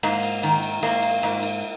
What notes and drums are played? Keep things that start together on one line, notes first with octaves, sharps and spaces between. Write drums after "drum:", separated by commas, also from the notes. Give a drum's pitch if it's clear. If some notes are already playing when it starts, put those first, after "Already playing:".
G#2 A#3, drum: cymbal
drum: cymbal
D#3, drum: cymbal
drum: cymbal
G#2 A#3, drum: cymbal
drum: cymbal
G#2, drum: cymbal
drum: cymbal